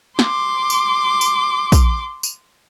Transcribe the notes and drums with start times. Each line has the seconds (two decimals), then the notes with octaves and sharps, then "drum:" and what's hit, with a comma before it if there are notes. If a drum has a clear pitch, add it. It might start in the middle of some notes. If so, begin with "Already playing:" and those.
0.19 C6 D6, drum: snare
0.70 drum: tambourine
1.21 drum: tambourine
1.72 drum: kick, tambourine
2.23 drum: tambourine